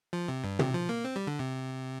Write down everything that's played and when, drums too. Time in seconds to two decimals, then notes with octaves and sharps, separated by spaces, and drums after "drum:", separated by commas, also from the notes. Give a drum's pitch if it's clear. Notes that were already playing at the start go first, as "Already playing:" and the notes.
0.13 F3
0.28 C3
0.44 G2
0.59 C3, drum: tom
0.74 F3
0.89 A#3
1.05 C4
1.16 G3
1.27 D3
1.39 C3